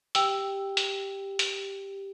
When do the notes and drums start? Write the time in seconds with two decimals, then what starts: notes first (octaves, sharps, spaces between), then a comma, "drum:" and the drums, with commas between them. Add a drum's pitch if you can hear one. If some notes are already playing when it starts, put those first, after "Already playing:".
0.15 G4 G5 E6, drum: hi-hat
0.77 drum: hi-hat
1.39 drum: hi-hat